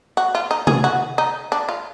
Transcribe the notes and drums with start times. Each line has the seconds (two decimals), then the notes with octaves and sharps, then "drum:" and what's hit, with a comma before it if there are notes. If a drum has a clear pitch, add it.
0.17 F#4
0.35 F4
0.51 D#4
0.67 G#4, drum: tom C3
0.84 F#4
1.18 D#4
1.52 D4
1.69 F4